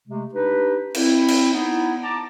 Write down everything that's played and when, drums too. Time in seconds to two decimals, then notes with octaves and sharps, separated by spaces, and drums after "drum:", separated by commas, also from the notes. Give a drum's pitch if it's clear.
0.08 C3 G#3 A3
0.34 D4 D#4 G4 B4
0.95 C4 E4, drum: cymbal
1.28 drum: cymbal
1.53 B3 D#4 E4
2.03 A5 A#5 D6